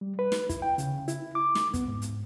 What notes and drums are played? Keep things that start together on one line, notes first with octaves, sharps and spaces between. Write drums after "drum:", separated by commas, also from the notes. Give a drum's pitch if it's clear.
G3
B4
drum: snare
E4, drum: kick, hi-hat
G5
C#3, drum: hi-hat
E4, drum: hi-hat
D6
drum: snare
B3, drum: kick, hi-hat
G#2
drum: hi-hat